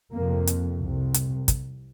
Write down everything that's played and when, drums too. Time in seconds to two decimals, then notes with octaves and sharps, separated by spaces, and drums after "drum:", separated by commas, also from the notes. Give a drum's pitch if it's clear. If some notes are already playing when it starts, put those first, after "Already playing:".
0.14 F2 C3 A#3
0.47 drum: hi-hat
0.81 C2 C3
1.14 drum: hi-hat
1.48 drum: kick, hi-hat